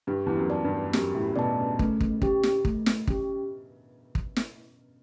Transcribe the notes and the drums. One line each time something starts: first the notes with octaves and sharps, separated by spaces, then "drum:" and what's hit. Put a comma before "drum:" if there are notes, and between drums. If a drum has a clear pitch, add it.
G2 G4
E2
F#2
D5 A5
G2
F#2 G4, drum: snare
A2
C#3
B2 D5 A5
C#3
C#3 A3, drum: kick
drum: kick
C#4 G4, drum: kick
drum: snare
A3, drum: kick
drum: snare
C#4 G4, drum: kick
drum: kick
drum: snare